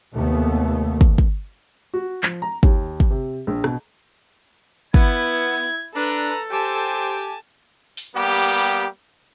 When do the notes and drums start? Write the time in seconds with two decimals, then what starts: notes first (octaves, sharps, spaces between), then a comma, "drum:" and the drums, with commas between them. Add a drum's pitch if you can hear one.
0.13 D#2 C3 A3 B3
1.01 drum: kick
1.18 drum: kick
1.94 F#4
2.23 F3, drum: clap
2.42 A#5
2.63 D#2, drum: kick
3.00 drum: kick
3.10 C3
3.47 A#1
3.64 B2, drum: rim click
4.94 B3 E4 G#6, drum: kick
5.95 D4 A4 B4 A#5
6.51 G4 C5 G#5 A5
7.97 drum: open hi-hat
8.16 G3 A#3 B3 G4